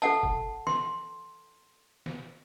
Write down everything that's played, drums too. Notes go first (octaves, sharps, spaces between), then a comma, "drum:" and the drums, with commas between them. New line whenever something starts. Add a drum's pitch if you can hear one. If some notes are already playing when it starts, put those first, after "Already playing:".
A4 F#5 A5, drum: hi-hat
drum: kick F#1
C6, drum: snare
drum: snare